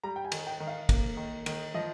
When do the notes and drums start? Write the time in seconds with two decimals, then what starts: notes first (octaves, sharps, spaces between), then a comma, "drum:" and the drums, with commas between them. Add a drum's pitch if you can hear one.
0.04 G3 A#5
0.16 G5
0.25 G#5
0.32 D#3, drum: cymbal
0.47 G5
0.60 D#3
0.67 F5
0.89 A#3, drum: kick, cymbal
1.17 D#3
1.46 D#3, drum: cymbal
1.74 F3 D#5